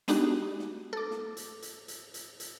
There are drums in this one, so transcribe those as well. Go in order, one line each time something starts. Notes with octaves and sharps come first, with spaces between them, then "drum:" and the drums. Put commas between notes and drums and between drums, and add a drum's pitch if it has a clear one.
G#3 B3 D4 D#4 F#4 G4, drum: hi-hat
drum: snare
A4 D6
drum: snare
drum: hi-hat
drum: hi-hat
drum: hi-hat
drum: hi-hat
drum: hi-hat